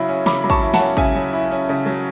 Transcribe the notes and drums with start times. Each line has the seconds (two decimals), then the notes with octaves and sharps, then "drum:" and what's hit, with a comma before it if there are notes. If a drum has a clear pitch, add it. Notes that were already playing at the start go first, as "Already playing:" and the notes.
Already playing: C#3 F#3 E4 B5
0.09 C#4
0.26 C#3 B5 D6, drum: snare
0.44 F#3 B5
0.50 A5 C#6, drum: kick
0.62 E4
0.74 F#5 A5, drum: snare
0.80 C#4
0.97 C#3 E5 G#5, drum: kick
1.15 F#3
1.33 E4
1.51 C#4
1.69 C#3
1.86 F#3